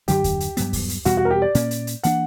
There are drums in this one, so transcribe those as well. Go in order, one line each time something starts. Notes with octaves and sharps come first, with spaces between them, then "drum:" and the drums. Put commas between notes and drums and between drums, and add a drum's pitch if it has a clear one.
F#2 D3 F#3 G4, drum: hi-hat
drum: kick D#2, hi-hat
drum: hi-hat
G2 F#3 B3, drum: hi-hat
drum: kick D#2, open hi-hat
drum: hi-hat
E2 B2 G3 F#4, drum: hi-hat
F#4
A#4
G4
D5
A#2 A#3 C#4, drum: hi-hat
drum: hi-hat
drum: hi-hat
E3 A#3 D4 F#5, drum: hi-hat